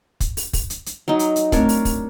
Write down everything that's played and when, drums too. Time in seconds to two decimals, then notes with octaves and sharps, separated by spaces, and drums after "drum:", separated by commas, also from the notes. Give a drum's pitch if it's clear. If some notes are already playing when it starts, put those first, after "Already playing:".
0.20 drum: kick, hi-hat
0.37 drum: open hi-hat
0.53 drum: kick, open hi-hat
0.70 drum: hi-hat
0.86 drum: hi-hat
1.08 F#3 D#4
1.19 drum: hi-hat
1.36 drum: hi-hat
1.52 A3 C4 D4 A#4 C#5, drum: kick, hi-hat
1.69 drum: open hi-hat
1.85 drum: kick, open hi-hat